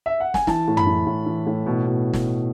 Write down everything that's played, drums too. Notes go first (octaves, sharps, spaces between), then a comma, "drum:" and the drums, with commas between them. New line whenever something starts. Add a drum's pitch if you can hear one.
E5
F#5
G#5, drum: snare
E3 A5, drum: snare
A2
B5, drum: tom
E3
A2
E3
A2
B2
B2
drum: snare